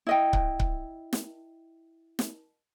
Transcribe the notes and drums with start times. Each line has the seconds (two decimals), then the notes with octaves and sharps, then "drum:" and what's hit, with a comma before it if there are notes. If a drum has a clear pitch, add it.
0.07 E4 D#5 G5
0.33 drum: kick C#1
0.60 drum: kick C#1
1.13 drum: snare
2.19 drum: snare